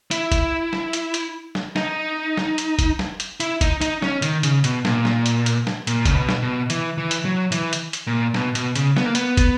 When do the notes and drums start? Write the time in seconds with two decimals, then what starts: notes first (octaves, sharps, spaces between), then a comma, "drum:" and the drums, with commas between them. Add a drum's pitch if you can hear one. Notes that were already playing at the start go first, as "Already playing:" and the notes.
0.11 E4, drum: hi-hat
0.32 drum: kick, hi-hat
0.73 drum: snare
0.93 drum: hi-hat
1.14 drum: hi-hat
1.55 drum: snare
1.76 D#4, drum: snare
2.37 drum: snare
2.58 drum: hi-hat
2.79 drum: kick, hi-hat
2.99 drum: snare
3.20 drum: hi-hat
3.40 E4, drum: hi-hat
3.61 D#4, drum: kick, hi-hat
3.81 D#4, drum: hi-hat
4.02 C#4, drum: snare
4.22 D#3, drum: hi-hat
4.43 C#3, drum: hi-hat
4.64 B2, drum: hi-hat
4.85 A#2, drum: snare
5.05 drum: snare
5.26 drum: hi-hat
5.46 drum: hi-hat
5.67 drum: snare
5.87 A#2, drum: hi-hat
6.05 C#3, drum: kick, hi-hat
6.15 B2
6.29 drum: snare
6.42 B2
6.70 E3, drum: hi-hat
6.98 E3
7.11 drum: hi-hat
7.25 F#3
7.52 E3, drum: hi-hat
7.73 drum: hi-hat
7.93 drum: hi-hat
8.07 A#2
8.34 B2, drum: snare
8.55 B2, drum: hi-hat
8.75 C#3, drum: hi-hat
8.97 B3, drum: snare
9.06 A#3
9.15 B3, drum: hi-hat
9.37 drum: kick, hi-hat